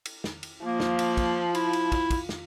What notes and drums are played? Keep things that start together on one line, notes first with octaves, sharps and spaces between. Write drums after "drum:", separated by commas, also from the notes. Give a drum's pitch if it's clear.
drum: cymbal
drum: snare
drum: cymbal
F3 A#3
drum: snare
drum: cymbal
drum: kick, cymbal
E4, drum: cymbal
drum: cymbal
drum: kick, cymbal
drum: kick, cymbal
drum: snare